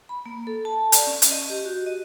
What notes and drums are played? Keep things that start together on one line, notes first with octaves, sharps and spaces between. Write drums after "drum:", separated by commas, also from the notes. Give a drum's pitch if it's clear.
B5
A#3
A4
A5
D5, drum: hi-hat
C#4
drum: hi-hat
D#5
G4
F#4
D#5